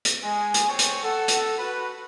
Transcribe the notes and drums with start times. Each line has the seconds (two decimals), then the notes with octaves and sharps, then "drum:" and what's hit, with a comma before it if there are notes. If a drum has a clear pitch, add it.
0.05 drum: hi-hat
0.23 G#3 G#5
0.54 drum: hi-hat
0.68 C4 C#5 C#6
0.79 drum: hi-hat
1.03 A4 F#5
1.28 drum: hi-hat
1.57 F#4 B4